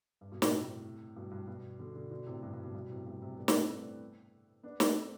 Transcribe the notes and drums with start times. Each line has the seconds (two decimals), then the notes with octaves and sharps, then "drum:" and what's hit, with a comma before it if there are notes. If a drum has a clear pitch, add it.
0.21 G2
0.32 G2 B2
0.42 A2 C3, drum: snare
1.16 G2 B2
1.31 G2
1.47 G2 B2
1.79 B2 D3
1.95 B2 D3
2.11 B2 D3
2.26 A2 C3
2.43 G2 B2
2.53 G2
2.63 G2 B2
2.74 G2 B2
2.90 A2 C3
3.06 G2 B2
3.22 A2 C3
3.37 G3 B3
3.48 A3 C4, drum: snare
3.58 C4 E4
3.69 B3 D4
4.63 B3 D4
4.80 A3 C4, drum: snare